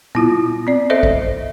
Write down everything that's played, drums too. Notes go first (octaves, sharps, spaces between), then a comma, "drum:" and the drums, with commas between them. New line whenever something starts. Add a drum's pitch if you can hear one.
B3 E4 F4, drum: tom A#2
C4 D5
A4 C5 D#5 E5
drum: kick A1